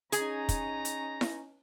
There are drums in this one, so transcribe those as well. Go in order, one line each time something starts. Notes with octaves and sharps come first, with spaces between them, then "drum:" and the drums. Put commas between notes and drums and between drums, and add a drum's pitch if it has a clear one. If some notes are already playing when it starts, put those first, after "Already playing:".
C#4 D#4 G#4 G#5 A#5, drum: hi-hat
drum: kick, hi-hat
drum: hi-hat
drum: snare E4